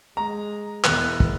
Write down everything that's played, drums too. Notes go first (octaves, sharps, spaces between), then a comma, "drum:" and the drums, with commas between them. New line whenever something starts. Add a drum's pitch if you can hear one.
G#3 A#5
E1 E2 F#6, drum: clap
drum: kick